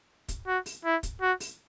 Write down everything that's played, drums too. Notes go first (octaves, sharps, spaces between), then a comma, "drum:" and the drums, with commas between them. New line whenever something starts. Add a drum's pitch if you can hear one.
drum: kick, hi-hat
F#4
drum: open hi-hat
E4
drum: kick, hi-hat
F#4
drum: open hi-hat